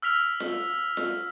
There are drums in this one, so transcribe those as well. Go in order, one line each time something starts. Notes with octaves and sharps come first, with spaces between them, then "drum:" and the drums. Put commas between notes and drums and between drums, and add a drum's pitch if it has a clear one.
E6 F6 B6 F7
drum: snare F4
drum: snare F4